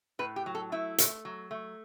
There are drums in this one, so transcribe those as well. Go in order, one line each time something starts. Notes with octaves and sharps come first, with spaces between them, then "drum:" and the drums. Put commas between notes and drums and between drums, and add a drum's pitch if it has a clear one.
A2 B4
G4
F#3
A4
A3 E4
A3, drum: hi-hat
F#3
A3